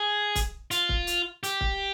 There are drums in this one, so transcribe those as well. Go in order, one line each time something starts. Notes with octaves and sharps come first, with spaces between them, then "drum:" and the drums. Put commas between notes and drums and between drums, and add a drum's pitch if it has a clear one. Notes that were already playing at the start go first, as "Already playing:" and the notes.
Already playing: G#4
drum: kick, hi-hat
F4, drum: hi-hat
drum: kick
drum: hi-hat
G4, drum: hi-hat
drum: kick